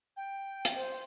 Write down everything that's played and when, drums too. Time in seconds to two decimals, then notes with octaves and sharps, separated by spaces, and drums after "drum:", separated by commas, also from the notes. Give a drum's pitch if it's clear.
0.16 G5
0.65 drum: hi-hat
0.76 C5